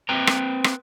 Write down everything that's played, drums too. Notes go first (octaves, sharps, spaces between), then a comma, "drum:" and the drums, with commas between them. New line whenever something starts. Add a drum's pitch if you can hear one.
C4 B4 G5 A#5
drum: rim click
drum: rim click